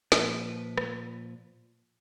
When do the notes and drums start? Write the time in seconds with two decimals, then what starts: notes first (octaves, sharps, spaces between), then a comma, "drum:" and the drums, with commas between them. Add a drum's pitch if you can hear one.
0.12 A#2 F3 B4, drum: snare
0.78 drum: rim click